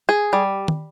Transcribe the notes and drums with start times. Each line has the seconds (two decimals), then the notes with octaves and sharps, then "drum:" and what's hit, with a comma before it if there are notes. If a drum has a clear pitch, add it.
0.09 G#4
0.33 G3
0.68 drum: tom